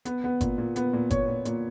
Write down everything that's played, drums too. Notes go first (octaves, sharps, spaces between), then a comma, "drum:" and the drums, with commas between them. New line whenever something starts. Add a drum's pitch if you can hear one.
B3, drum: hi-hat
B3
A#2, drum: kick G1, hi-hat
A#2
B3, drum: hi-hat
A#2
A#2 C#5, drum: kick G1, hi-hat
A#2
A#2, drum: hi-hat